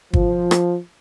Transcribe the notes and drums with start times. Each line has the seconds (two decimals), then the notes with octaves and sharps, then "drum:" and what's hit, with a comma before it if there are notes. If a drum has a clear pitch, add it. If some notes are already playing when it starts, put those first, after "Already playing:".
0.13 F3, drum: kick
0.51 drum: rim click